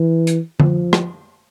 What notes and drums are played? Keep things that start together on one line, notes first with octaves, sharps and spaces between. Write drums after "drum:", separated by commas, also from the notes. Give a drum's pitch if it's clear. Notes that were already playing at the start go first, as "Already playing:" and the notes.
Already playing: E3
drum: hi-hat
F3, drum: tom D3
drum: rim click